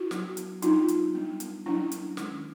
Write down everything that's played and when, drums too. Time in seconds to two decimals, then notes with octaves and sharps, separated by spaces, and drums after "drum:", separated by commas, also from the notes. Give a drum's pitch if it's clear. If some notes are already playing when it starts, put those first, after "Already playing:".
Already playing: E4 F#4
0.11 F#3 B3 D4, drum: snare
0.37 drum: hi-hat
0.62 F#3 B3 D4 D#4 F4, drum: hi-hat
0.88 drum: hi-hat
1.14 G3 B3 D4
1.40 drum: hi-hat
1.66 F#3 A#3 C#4 D4 E4
1.92 drum: hi-hat
2.17 D#3 G#3 C#4, drum: snare